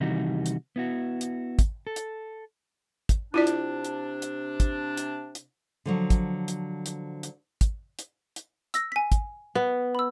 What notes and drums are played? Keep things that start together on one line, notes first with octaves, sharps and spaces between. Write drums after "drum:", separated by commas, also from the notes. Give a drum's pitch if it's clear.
C3 D#3 E3 G3 D#4 F#4
drum: hi-hat
B3 E4 F#4
drum: hi-hat
drum: kick, hi-hat
A4
drum: hi-hat
drum: kick, hi-hat
C3 D4 E4 F4 D5
drum: hi-hat
drum: hi-hat
drum: hi-hat
drum: kick, hi-hat
drum: hi-hat
drum: hi-hat
D3 F3 F#3
drum: kick, hi-hat
drum: hi-hat
drum: hi-hat
drum: hi-hat
drum: kick, hi-hat
drum: hi-hat
drum: hi-hat
E6 A#6, drum: hi-hat
G#5 B6
drum: kick, hi-hat
B3
B5 E6